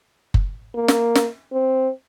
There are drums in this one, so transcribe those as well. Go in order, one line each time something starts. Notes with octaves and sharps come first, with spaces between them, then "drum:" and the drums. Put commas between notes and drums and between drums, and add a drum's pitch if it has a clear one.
drum: kick F#1
A#3
drum: snare
drum: snare
C4